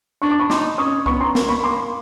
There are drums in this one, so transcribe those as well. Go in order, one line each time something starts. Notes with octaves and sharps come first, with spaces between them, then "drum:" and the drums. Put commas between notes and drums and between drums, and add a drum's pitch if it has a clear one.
D4 C#6
D6
B5 C#6
D#4 C6 D6, drum: snare
C#4 C#6 D#6
B3 B5 C#6, drum: kick C2
A#5 C6
A#3, drum: snare
B5 C#6
A#3 C6 D6